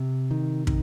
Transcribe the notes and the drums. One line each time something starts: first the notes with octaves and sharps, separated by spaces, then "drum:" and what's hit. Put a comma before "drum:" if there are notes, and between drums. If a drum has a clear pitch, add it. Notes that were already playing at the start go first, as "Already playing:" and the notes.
Already playing: C3
D#3
D#3, drum: kick